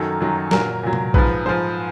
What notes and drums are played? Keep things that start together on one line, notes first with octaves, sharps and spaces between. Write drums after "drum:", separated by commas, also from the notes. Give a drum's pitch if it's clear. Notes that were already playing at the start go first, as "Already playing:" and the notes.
Already playing: F#2 D#3 F#3 A4
F#2 D#3 F#3
A#2 F#3 A#4, drum: snare
A#2 F#3
drum: tom C3
G#2 F3 B4, drum: kick A#1
G#2 F3 C5